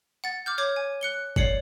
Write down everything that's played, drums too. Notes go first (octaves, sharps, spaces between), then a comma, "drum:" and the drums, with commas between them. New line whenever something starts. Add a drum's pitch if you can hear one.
F#5 A6
D6 F6 G6
C#5 D6 G6 G#6
G#5
F#6 C#7 G7
C#5 D5 C7 C#7 F#7, drum: kick G1